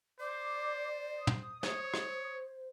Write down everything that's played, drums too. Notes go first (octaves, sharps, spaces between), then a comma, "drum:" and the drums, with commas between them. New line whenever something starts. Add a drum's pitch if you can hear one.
C5 D5 D6
D#6
drum: tom
C5 C#5, drum: snare
drum: rim click